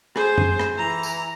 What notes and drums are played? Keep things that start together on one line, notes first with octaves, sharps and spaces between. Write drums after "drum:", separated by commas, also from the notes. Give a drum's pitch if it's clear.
G#4 C5, drum: rim click
drum: tom F#2
drum: rim click
E3 A#5
drum: tambourine